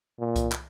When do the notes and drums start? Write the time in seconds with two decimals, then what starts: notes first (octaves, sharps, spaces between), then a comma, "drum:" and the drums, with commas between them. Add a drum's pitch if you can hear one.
0.20 A#2
0.36 drum: kick C2, hi-hat
0.52 drum: clap